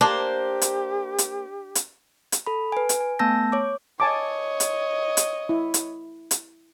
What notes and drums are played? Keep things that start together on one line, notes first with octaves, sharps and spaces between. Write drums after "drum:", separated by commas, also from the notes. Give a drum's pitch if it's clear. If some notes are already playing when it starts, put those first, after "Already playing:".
A#3 D4 G4 C5
drum: hi-hat
drum: hi-hat
drum: hi-hat
drum: hi-hat
A4 B5
B4 G#5
drum: hi-hat
G#5
A3 B3 A5 E6 G6 A#6
C#5 D6
C#5 D#5 G#5 A5 D6
drum: hi-hat
drum: hi-hat
E4
drum: hi-hat
drum: hi-hat